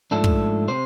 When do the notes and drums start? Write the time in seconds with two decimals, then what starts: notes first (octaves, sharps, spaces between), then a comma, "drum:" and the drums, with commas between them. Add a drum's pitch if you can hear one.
0.11 G#2 F3 A3 D4 A4
0.24 drum: kick
0.68 C3 C5